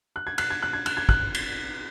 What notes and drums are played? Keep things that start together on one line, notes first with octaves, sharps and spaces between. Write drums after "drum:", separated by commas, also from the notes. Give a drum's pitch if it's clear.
F#6
G#6
F#6, drum: cymbal
G#6
F#6
G#6
F#6, drum: cymbal
G#6
F#6, drum: kick
drum: cymbal